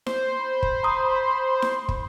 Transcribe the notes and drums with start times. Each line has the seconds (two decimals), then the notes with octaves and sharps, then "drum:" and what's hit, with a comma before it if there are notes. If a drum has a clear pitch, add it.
0.06 C5, drum: snare E4
0.39 B5 C6
0.63 drum: kick
0.83 A#5 D#6
1.62 drum: snare E4
1.89 drum: kick